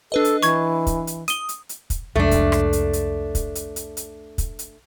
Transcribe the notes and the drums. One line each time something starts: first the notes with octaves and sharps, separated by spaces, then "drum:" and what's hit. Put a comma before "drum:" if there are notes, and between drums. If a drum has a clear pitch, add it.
D4 A4 B4 D#5
drum: hi-hat
E3 C#6 G#6, drum: hi-hat
drum: kick, hi-hat
drum: hi-hat
D#6 D#7 G7, drum: hi-hat
drum: hi-hat
drum: hi-hat
drum: kick, hi-hat
C2 F2 G#3 A3 D4
drum: kick, hi-hat
drum: rim click
drum: hi-hat
drum: hi-hat
drum: kick, hi-hat
drum: hi-hat
drum: hi-hat
drum: hi-hat
drum: kick, hi-hat
drum: hi-hat